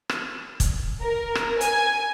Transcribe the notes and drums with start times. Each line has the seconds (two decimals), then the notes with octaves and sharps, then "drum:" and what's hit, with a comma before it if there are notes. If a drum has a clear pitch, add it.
0.09 drum: rim click
0.60 drum: kick, hi-hat
1.02 A#4
1.35 drum: rim click
1.61 G#5, drum: hi-hat